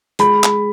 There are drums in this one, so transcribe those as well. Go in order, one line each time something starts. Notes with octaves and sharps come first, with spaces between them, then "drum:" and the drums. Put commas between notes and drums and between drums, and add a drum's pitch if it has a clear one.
G#3 B5, drum: hi-hat
drum: clap